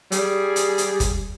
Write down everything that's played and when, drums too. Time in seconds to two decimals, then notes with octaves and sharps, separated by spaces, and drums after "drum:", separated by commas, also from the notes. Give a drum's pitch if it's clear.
0.12 G3 G#4, drum: hi-hat
0.56 drum: hi-hat
0.78 drum: hi-hat
1.00 drum: kick, hi-hat